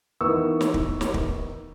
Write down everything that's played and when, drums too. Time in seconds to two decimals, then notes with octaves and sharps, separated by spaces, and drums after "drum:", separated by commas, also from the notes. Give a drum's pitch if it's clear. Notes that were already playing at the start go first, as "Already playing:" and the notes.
0.21 D#3 E3 B3 A#4 C#6 E6
0.61 drum: snare
0.74 drum: kick
1.01 drum: snare
1.14 drum: kick